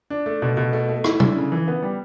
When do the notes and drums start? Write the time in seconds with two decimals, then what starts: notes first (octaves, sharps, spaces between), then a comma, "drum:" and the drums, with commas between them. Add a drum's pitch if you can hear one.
0.10 D4
0.26 A3
0.42 B2
0.57 B2
0.73 A3
0.89 A3
1.04 E4, drum: rim click
1.20 D3, drum: tom
1.36 C#3
1.52 E3
1.68 B3
1.82 G3